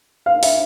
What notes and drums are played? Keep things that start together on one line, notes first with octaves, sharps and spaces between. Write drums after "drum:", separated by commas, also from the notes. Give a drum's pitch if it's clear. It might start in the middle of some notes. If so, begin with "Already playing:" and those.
F5
E5, drum: open hi-hat